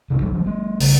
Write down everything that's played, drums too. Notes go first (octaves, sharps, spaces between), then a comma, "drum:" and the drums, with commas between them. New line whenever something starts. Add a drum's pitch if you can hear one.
C2 C3 D#3
F3 G3
E3 F#3
G3 A3
C#3, drum: open hi-hat